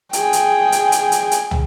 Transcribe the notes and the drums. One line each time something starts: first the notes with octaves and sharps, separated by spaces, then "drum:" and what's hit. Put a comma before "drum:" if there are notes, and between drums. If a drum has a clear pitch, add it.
G#4 G5, drum: hi-hat
drum: hi-hat
drum: hi-hat
drum: hi-hat
drum: hi-hat
drum: hi-hat
drum: tom